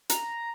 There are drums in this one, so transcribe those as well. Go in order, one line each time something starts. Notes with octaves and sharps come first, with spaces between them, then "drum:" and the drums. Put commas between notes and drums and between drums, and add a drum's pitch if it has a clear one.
A#5, drum: hi-hat